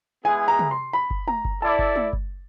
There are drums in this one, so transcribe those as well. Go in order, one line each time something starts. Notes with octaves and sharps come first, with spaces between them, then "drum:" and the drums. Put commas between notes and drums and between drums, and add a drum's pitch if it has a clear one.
G#3 B3 E4 G#4 G#5
A#5
drum: tom
C6
B5
drum: kick F#1
A#5, drum: tom
drum: kick F#1
E4 A4 D5 A5
drum: kick F#1
drum: tom
drum: kick F#1